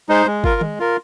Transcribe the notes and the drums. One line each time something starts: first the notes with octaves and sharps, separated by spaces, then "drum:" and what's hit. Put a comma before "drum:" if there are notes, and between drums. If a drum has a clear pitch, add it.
G#3 D#4 C5
G#3
F4 A#4, drum: kick
G#3, drum: tom D#3
F4 A#4